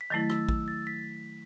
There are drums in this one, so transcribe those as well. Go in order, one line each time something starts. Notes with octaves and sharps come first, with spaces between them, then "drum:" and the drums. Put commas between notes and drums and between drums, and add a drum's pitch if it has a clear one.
B6
D#3 F#3 A3 E4 A6
E6, drum: rim click
E6, drum: kick
A6
B6